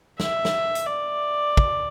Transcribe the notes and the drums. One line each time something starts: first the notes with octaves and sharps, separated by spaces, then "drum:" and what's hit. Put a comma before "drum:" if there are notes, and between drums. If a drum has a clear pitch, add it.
E5, drum: snare
drum: snare
drum: hi-hat
D5
drum: kick